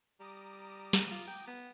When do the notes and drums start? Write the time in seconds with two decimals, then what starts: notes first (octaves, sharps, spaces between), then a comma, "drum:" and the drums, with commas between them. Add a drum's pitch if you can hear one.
0.20 G3 A#5 D6 D#6
0.93 drum: snare
1.11 F4
1.28 G5
1.48 B3